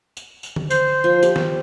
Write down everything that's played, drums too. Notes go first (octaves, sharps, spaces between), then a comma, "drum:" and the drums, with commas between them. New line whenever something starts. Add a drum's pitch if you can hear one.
drum: tambourine
drum: tambourine
drum: tom D3
C5, drum: tambourine
F3
G4, drum: tambourine
drum: snare